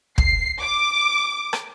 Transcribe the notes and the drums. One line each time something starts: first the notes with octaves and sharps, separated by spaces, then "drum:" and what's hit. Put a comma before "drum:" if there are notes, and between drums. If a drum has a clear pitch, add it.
C7, drum: kick
D6
drum: rim click